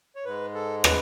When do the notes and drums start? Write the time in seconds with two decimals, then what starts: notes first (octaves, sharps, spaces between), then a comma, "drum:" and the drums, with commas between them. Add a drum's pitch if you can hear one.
0.16 C#5
0.25 G#2 G#3 B4
0.54 A4
0.84 B4, drum: rim click